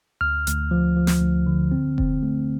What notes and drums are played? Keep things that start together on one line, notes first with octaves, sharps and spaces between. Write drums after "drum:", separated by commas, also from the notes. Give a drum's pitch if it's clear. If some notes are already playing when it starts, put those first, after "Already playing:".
D2 F6
D2, drum: hi-hat
F3
F3
drum: snare
D2
D3
C4
C4, drum: kick F1
A3